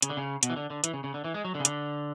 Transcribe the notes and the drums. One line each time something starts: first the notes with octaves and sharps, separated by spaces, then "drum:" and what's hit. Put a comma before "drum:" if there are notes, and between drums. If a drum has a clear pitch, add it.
C#3, drum: hi-hat
D3
C#3
B2, drum: hi-hat
E3
D3
D3
E3, drum: hi-hat
C#3
C#3
D3
E3
G#3
F#3
D3
C#3
D3, drum: hi-hat